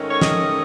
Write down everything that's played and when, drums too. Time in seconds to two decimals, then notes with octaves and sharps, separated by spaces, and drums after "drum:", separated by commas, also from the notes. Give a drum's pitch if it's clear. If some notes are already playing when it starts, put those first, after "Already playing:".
Already playing: G#2 D#3 A3 C#4
0.11 C#5
0.22 D#5, drum: snare